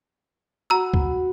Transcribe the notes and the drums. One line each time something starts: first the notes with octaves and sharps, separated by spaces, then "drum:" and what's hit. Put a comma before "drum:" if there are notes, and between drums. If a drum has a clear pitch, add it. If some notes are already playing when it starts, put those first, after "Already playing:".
F#4 A#5 B5 E6
drum: kick C2